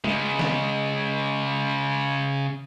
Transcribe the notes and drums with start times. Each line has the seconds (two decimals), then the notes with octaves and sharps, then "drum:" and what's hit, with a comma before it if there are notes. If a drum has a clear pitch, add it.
0.04 C#3 G#3, drum: tom G#3
0.39 drum: snare